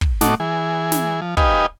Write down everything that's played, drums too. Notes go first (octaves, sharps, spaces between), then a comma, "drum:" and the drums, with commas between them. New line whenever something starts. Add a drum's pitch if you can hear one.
drum: kick
A2 A3 D#4 F#4 D6, drum: snare
E3 G#4
drum: snare
F3
D#4 G4 B4 D#5 F5 G#5, drum: kick